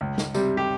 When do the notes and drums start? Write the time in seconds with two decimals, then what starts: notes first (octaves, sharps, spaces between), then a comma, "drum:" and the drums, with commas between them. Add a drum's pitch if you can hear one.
0.01 C#2
0.18 drum: snare
0.34 C3 G3, drum: tambourine
0.57 G4